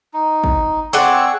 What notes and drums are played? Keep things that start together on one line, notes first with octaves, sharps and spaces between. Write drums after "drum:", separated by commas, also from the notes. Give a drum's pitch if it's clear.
D#4
drum: kick
C4 G#4 D5 F#5 C#6 E6